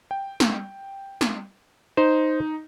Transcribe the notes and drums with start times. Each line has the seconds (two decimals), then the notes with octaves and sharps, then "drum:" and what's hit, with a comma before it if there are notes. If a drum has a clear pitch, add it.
0.11 G5
0.40 drum: snare
1.21 drum: snare
1.97 D#4 C5